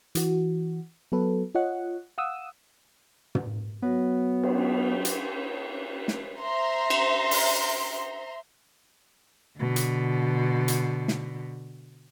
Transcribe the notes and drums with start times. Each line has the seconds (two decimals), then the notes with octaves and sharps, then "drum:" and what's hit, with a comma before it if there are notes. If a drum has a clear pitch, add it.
0.15 E3 F#4, drum: hi-hat
1.12 F#3 B3 A4 B4
1.55 F4 C#5 D#5 F#5
2.18 F5 F#5 D#6 E6
3.35 drum: tom
3.82 F#3 B3 F#4 C#5
4.43 drum: cymbal
5.05 drum: hi-hat
6.08 drum: snare
6.39 C5 E5 A#5 C6
6.90 drum: cymbal
7.31 drum: open hi-hat
9.58 B2 D3
9.76 drum: hi-hat
10.68 drum: hi-hat
11.08 drum: snare